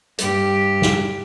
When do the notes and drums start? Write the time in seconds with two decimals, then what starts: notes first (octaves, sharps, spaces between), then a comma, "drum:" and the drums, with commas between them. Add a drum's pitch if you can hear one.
0.19 G2 G4, drum: hi-hat
0.82 drum: snare